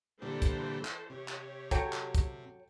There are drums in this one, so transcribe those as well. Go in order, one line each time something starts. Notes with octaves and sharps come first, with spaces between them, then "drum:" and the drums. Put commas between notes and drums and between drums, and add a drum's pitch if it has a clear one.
A#2 D3 E3 G3 A4 C5
drum: kick, hi-hat
drum: clap
C3 G4 C#5
drum: clap
F#3 A4 G5, drum: kick, hi-hat
drum: clap
drum: kick, hi-hat